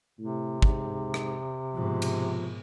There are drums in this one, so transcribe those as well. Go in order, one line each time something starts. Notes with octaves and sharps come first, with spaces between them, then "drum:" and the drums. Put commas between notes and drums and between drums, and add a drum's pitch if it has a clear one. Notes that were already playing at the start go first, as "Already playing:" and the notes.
A2 C3
G#2, drum: kick
drum: rim click
G#2 B2 F3
drum: cymbal